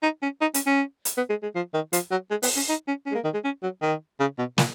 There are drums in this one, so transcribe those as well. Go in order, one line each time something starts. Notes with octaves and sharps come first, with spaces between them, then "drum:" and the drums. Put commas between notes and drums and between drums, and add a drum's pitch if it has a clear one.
D#4
C#4
D#4
C#4, drum: hi-hat
C#4
drum: hi-hat
B3
G#3
G#3
F3
D#3
F3, drum: hi-hat
F#3
G#3
B3, drum: open hi-hat
C#4
D#4
C#4
C#4
G#3
A#3
D#3
G#3
C#4
F#3
D#3
C#3
B2
A#2, drum: snare